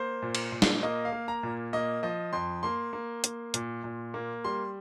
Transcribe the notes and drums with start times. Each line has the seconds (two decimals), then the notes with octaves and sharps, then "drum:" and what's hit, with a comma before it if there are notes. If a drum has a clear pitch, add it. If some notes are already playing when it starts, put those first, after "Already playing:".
Already playing: A#3 C5
0.23 A#2
0.35 drum: cymbal
0.52 A#2
0.62 drum: snare
0.83 A#3 D#5
1.05 F5
1.13 A#3
1.28 A#5
1.43 A#2
1.73 A#3 D#5
2.03 F3 D#5
2.33 F2 C6
2.63 A#3 C6
2.93 A#3
3.24 A#3, drum: hi-hat
3.54 A#2, drum: hi-hat
3.84 A#2
4.14 A#3
4.44 G3 C6